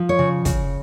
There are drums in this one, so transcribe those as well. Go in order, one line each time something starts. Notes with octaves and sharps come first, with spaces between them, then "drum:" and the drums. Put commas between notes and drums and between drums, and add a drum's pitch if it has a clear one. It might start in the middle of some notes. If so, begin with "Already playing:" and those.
Already playing: F3
C#5
C#3
C#3, drum: kick, hi-hat